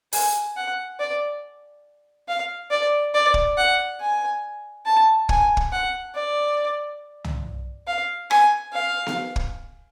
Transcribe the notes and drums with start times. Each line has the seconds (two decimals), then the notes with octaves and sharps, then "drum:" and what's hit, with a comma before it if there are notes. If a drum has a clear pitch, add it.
0.13 G#5, drum: open hi-hat
0.56 F#5
1.00 D5
2.28 F5
2.71 D5
3.14 D5
3.34 drum: kick
3.57 F#5
4.00 G#5
4.86 A5
5.29 G#5, drum: kick
5.57 drum: kick
5.72 F#5
6.15 D5
7.24 drum: tom
7.87 F5
8.31 G#5, drum: rim click
8.73 F5
9.06 drum: snare B3
9.36 drum: kick